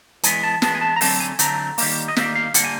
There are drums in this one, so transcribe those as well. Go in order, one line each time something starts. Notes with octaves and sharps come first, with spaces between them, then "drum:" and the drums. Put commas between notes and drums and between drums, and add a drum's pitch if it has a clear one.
E3 G#3 B3 G#5, drum: hi-hat
A5
E3 G#3 B3 A5, drum: snare
G#5
A5
A#5
D3 F#3 A3 C4 A5, drum: open hi-hat
G#5
D3 F#3 A3 C4 A#5, drum: hi-hat
D#3 G3 A#3, drum: open hi-hat
D#5
D#3 G3 A#3 E5, drum: snare
F5
D3 G3 A#3 F#5, drum: hi-hat
G#5